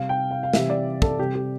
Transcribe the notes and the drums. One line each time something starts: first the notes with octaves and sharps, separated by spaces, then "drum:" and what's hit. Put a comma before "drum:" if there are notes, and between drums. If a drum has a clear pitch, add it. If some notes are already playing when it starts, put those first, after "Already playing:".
Already playing: C3 G3 F5
G5
F5
F5
C3 E3 G3 E5, drum: snare
D5
A4, drum: kick
C3 G3 G4
G4